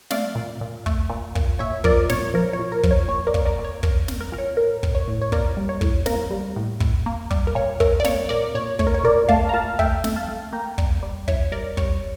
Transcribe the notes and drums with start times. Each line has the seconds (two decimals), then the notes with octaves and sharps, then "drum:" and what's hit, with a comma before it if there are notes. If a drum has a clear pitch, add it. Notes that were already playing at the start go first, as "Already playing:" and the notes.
0.11 A3 D5 F5, drum: snare
0.35 A#2
0.61 A#2
0.86 A3, drum: kick
1.10 A#2
1.35 A#2, drum: kick
1.59 A#2 C#5 E5
1.84 F3 A#4 D5, drum: kick
2.09 A#2 C#5, drum: snare
2.34 F3 A#4
2.53 C#5
2.59 A#2
2.72 A#4
2.83 F3, drum: kick
2.91 C#5
3.08 A#2 C#5
3.27 A#4 D5
3.34 A#2, drum: kick
3.45 A#4 D5
3.59 A#2
3.64 C#5
3.83 F3 A#4, drum: kick
4.08 A#3, drum: snare
4.21 A#4
4.32 A#2 A#4
4.38 C#5
4.57 A2 A#4
4.83 A2, drum: kick
4.95 C#5
5.08 A2
5.22 C#5
5.32 A#3 A#4 D5, drum: kick
5.57 G3
5.69 C#5
5.81 A2, drum: kick
6.06 A#3 A#4, drum: snare
6.31 G3
6.56 A2
6.80 A2, drum: kick
7.06 A#3
7.31 G3, drum: kick
7.47 A#4
7.55 A#2 C#5
7.80 A3 A#4, drum: kick
8.00 D5
8.05 A#2 C#5, drum: snare
8.29 A#2 A#4 D5
8.55 A#2 C#5
8.79 A3 C#5, drum: kick
8.87 A#4
8.94 C#5
9.04 A#2 A#4 D5
9.29 A3 F5 A5, drum: kick
9.49 A#5
9.53 A#2 F5 A5
9.79 A3 E5 G5, drum: kick
10.04 A3, drum: snare
10.16 F5 A5
10.29 A3
10.53 A#3 G5 A#5
10.78 G3, drum: kick
11.03 G3
11.28 A2 C#5 E5, drum: kick
11.52 G3 A#4 D5
11.77 G3 C#5, drum: kick